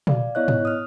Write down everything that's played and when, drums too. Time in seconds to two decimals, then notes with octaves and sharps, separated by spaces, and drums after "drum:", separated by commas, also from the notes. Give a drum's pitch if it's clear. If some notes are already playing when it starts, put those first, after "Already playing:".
0.07 D5 F5, drum: tom A#2
0.35 B3 E4 C#5 D#5 F#6
0.48 drum: tom G#2
0.65 D#6 F6